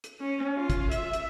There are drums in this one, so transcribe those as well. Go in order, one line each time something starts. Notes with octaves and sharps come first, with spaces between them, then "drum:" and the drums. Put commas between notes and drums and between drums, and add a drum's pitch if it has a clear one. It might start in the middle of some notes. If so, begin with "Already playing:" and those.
drum: hi-hat
C#4
F4
drum: kick, hi-hat
E5, drum: hi-hat
drum: hi-hat